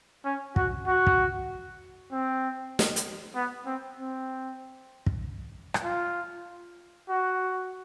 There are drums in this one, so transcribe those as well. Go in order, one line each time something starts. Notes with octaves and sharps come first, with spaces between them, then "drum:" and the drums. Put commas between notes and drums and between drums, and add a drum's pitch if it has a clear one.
C#4
F#4, drum: kick
F#4
drum: kick
C4
drum: snare
drum: hi-hat
B3
C4
C4
drum: kick
drum: rim click
F4
F#4